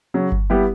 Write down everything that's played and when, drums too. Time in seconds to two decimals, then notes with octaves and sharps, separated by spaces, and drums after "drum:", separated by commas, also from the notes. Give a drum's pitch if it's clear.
0.14 C#3 F#3 C#4
0.32 drum: kick G1
0.50 G3 B3 E4 G4